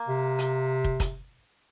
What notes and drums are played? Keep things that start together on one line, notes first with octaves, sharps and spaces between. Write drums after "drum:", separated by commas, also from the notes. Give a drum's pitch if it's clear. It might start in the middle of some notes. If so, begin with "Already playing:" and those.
Already playing: A#3
C3
drum: hi-hat
drum: kick
drum: kick, hi-hat